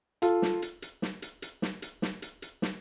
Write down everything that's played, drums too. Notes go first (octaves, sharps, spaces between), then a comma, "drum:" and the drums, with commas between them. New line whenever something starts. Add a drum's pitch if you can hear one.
F4 A4, drum: hi-hat
drum: snare
drum: hi-hat
drum: hi-hat
drum: snare
drum: hi-hat
drum: hi-hat
drum: snare
drum: hi-hat
drum: snare
drum: hi-hat
drum: hi-hat
drum: snare